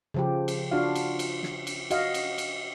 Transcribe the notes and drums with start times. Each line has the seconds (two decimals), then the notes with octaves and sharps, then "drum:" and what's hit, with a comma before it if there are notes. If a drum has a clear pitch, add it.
0.14 C#3 F3 G4
0.48 drum: cymbal
0.71 D4 F4 F#4 F5
0.95 drum: cymbal
1.19 drum: cymbal
1.43 drum: snare
1.67 drum: cymbal
1.91 F#4 D#5 F5, drum: cymbal
2.14 drum: cymbal
2.38 drum: cymbal